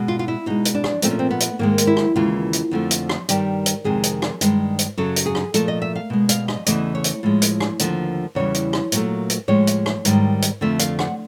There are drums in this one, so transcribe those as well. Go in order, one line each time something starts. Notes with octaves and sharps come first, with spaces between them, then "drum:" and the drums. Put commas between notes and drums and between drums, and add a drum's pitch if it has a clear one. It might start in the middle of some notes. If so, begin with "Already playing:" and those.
Already playing: B2 G#3
F4
F4
E4
B2 G#3 D#4
drum: hi-hat
D4
drum: rim click
A#2 F3 A3 C4, drum: hi-hat
C#4
C4
B3
drum: hi-hat
G#2 D#3 G#3 A#3
drum: hi-hat
E4
drum: rim click
D#2 C#3 E3 G#3 F4
drum: hi-hat
F2 D3 F3 A3
drum: hi-hat
drum: rim click
G2 D#3 G3 G4, drum: hi-hat
drum: hi-hat
F2 C3 D#3 G#3 G#4
drum: hi-hat
drum: rim click
G2 D#3 G#3, drum: hi-hat
drum: hi-hat
F#2 C#3 F#3 A4
drum: hi-hat
G#4
drum: rim click
A#2 F3 A3 A4, drum: hi-hat
D#5
E5
F5
B2 G#3
F5, drum: hi-hat
D#5, drum: rim click
E2 C#3 E3 A3 D#5, drum: hi-hat
C#5
drum: hi-hat
A2 F3 G#3
drum: hi-hat
drum: rim click
D#2 D3 F3 A3, drum: hi-hat
E2 C#3 E3 G3 C#5
drum: hi-hat
drum: rim click
A#2 F#3 A3, drum: hi-hat
drum: hi-hat
A2 F3 G#3 C#5
drum: hi-hat
drum: rim click
G#2 D#3 G3, drum: hi-hat
drum: hi-hat
F2 D3 F3 A3 E5
F5, drum: hi-hat
F#5, drum: rim click